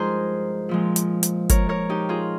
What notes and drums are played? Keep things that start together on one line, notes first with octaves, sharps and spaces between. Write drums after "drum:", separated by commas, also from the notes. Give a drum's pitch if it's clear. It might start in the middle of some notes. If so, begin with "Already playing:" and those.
Already playing: G2 F3 G#3 D#4 F4 G#4 A#4 C5
A#2 F3 G#3
drum: hi-hat
drum: hi-hat
A#4 C#5, drum: kick, hi-hat
A#4 C#5
D#4 G4
F4 G#4